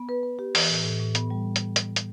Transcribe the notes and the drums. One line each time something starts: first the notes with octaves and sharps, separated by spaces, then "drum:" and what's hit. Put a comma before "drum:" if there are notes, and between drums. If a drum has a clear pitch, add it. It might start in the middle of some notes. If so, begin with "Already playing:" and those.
Already playing: B3
B4
B4
G4
E3, drum: open hi-hat
A2
A2
A2
B3, drum: hi-hat
G3
drum: hi-hat
drum: hi-hat
drum: hi-hat